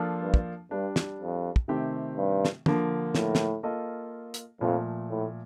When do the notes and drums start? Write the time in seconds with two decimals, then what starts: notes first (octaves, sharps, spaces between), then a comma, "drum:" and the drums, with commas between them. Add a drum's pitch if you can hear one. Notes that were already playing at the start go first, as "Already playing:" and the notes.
Already playing: F3 A#3 D4 F4 A4
0.22 G2
0.34 drum: kick
0.71 G2 G3 D4 G4
0.96 drum: snare
1.21 F2
1.56 drum: kick
1.68 C3 D#3 A3 C4 G4
2.17 G2
2.45 drum: snare
2.66 D3 F3 A#3, drum: tom
3.15 A2, drum: snare
3.35 drum: snare
3.63 A#3 F4 A4 D#5
4.34 drum: hi-hat
4.61 F2 A#2 F3 A3
5.10 A2